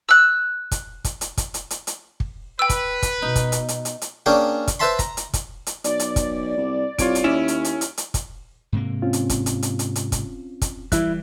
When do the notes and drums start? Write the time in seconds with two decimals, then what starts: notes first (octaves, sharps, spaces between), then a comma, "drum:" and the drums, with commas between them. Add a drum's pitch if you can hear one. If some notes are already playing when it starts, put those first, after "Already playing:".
0.09 E6 F#6
0.71 drum: kick, hi-hat
1.04 drum: kick, hi-hat
1.21 drum: hi-hat
1.37 drum: kick, hi-hat
1.54 drum: hi-hat
1.70 drum: hi-hat
1.87 drum: hi-hat
2.20 drum: kick
2.59 B4 G5 E6
2.69 drum: kick, hi-hat
3.02 drum: kick, hi-hat
3.22 B2 D#4
3.35 drum: kick, hi-hat
3.52 drum: hi-hat
3.68 drum: hi-hat
3.85 drum: hi-hat
4.01 drum: hi-hat
4.26 A#3 C#4 D4 G#4 G5
4.67 drum: kick, hi-hat
4.80 B4 C5 E5 A5 B5 C6
4.99 A#5, drum: kick, hi-hat
5.17 drum: hi-hat
5.33 drum: kick, hi-hat
5.66 drum: hi-hat
5.84 B1 D5, drum: hi-hat
5.99 drum: hi-hat
6.16 drum: kick, hi-hat
6.57 C2
6.99 C2 F4 C#5 D7, drum: kick, hi-hat
7.15 drum: hi-hat
7.24 D#2 C#4 E4
7.48 drum: hi-hat
7.65 drum: hi-hat
7.81 drum: hi-hat
7.98 drum: hi-hat
8.14 drum: kick, hi-hat
8.72 G#2 C3 A#3
9.02 C4 C#4 F4
9.13 drum: hi-hat
9.30 drum: kick, hi-hat
9.46 drum: hi-hat
9.63 drum: hi-hat
9.79 drum: hi-hat
9.96 drum: hi-hat
10.12 drum: kick, hi-hat
10.62 drum: kick, hi-hat
10.92 E3 G3 E4 E5 F#6, drum: kick, hi-hat